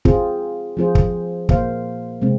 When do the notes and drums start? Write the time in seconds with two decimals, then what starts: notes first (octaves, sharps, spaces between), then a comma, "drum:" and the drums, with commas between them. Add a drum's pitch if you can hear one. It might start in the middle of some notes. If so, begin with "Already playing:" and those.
0.05 C4 F4 G#4, drum: kick
0.77 F3 C4 F4 G#4 C5
0.95 drum: kick
1.49 A#2 A#3 F4 C5 F5, drum: kick
2.22 C3 G#3 C4